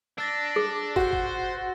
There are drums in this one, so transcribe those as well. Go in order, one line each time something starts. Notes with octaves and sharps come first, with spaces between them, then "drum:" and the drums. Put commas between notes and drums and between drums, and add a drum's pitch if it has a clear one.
D4 E6 A6 A#6
G#4
F#4 C5, drum: kick
drum: kick